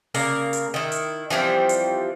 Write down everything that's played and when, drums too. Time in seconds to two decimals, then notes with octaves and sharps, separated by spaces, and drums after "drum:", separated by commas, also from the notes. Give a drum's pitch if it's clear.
0.14 C#3 A#3 A#4 D5, drum: open hi-hat
0.53 drum: hi-hat
0.74 D#3 E4
0.92 drum: hi-hat
1.30 E3 F3 G3 C4
1.69 drum: hi-hat